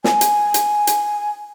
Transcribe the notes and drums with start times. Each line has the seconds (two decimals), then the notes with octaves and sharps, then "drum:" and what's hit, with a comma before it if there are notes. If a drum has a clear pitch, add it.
0.04 G#5, drum: snare
0.21 drum: hi-hat
0.54 drum: hi-hat
0.87 drum: hi-hat